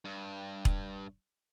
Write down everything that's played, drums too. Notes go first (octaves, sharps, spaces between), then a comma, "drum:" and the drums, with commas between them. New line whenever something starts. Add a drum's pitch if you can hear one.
G2
drum: kick E1